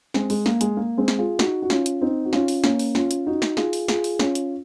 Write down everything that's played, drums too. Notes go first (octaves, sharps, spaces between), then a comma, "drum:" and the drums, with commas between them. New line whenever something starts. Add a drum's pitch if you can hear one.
G#3 C4, drum: snare
G#3, drum: open hi-hat
A#3, drum: snare
G#3, drum: hi-hat
A#3
G#3 C4
drum: snare
F4 G#4
D#4 F#4, drum: snare
F#4
C#4 F4, drum: snare
drum: hi-hat
C4 D#4
F#4
C#4 F4, drum: snare
drum: open hi-hat
A#3 C#4, drum: snare
drum: open hi-hat
C#4 F4, drum: snare
drum: hi-hat
D#4 F#4
drum: snare
F4 G#4, drum: snare
drum: open hi-hat
F4 G#4, drum: snare
drum: open hi-hat
C#4 F4, drum: snare
drum: hi-hat